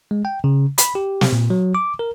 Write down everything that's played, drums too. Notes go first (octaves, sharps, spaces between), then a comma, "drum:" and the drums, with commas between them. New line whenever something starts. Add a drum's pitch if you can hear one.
G#3
G5
C#3
B5, drum: hi-hat
G4
drum: snare
A#2
F#3
D6
A#4